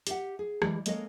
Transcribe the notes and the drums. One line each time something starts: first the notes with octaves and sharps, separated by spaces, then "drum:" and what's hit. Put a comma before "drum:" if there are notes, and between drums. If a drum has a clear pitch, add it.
G4 E5 F#5, drum: hi-hat
G#4
E3 G3 G#3, drum: rim click
G#3 A#3 C#4 A4 C#5 D#5, drum: hi-hat